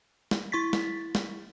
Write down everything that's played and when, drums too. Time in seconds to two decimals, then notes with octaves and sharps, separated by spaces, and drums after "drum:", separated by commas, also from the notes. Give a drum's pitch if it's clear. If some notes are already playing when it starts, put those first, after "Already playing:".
0.31 drum: snare
0.52 E4 C#6 A6 B6
0.73 drum: snare
1.15 drum: snare